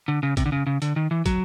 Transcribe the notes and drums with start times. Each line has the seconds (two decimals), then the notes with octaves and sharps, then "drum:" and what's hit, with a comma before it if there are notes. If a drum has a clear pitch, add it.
0.08 D3
0.23 C#3
0.37 C3, drum: kick, hi-hat
0.46 D3
0.52 C#3
0.67 C#3
0.82 D3, drum: hi-hat
0.96 D#3
1.11 E3
1.26 F#3, drum: kick, hi-hat